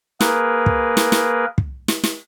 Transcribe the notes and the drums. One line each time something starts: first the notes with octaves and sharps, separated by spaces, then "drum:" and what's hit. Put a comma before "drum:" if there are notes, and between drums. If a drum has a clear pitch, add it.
A#3 G#4 A#4 B4, drum: snare
drum: kick
drum: snare
drum: snare
drum: kick
drum: snare
drum: snare